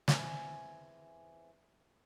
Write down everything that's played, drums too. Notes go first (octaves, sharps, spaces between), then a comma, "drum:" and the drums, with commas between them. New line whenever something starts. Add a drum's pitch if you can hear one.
E2 C4 E5 G#5, drum: snare